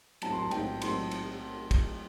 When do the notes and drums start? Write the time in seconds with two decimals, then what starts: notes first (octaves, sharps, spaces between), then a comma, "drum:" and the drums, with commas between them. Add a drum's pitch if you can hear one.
0.22 B1 A2 F#3 C4 A5, drum: cymbal
0.33 C6
0.42 A5
0.51 B1 A2 F#3 C4 G5, drum: cymbal
0.82 A2 F#3 C4 C6, drum: cymbal
1.11 drum: cymbal
1.71 drum: kick, cymbal